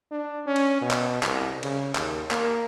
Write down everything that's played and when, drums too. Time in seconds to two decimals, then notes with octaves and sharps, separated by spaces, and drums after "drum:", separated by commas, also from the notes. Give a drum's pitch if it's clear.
0.11 D4
0.46 C#4
0.56 drum: cymbal
0.81 B2
0.91 drum: clap
1.23 C2, drum: clap
1.63 C#3, drum: cymbal
1.95 D#2, drum: clap
2.31 A#3, drum: clap